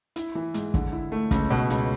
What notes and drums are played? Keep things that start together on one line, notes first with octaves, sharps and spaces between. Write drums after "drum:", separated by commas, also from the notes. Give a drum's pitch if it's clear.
E4, drum: hi-hat
E3
G#2, drum: hi-hat
D3, drum: kick
E4
A3
C#2, drum: kick, hi-hat
B2
C#2, drum: hi-hat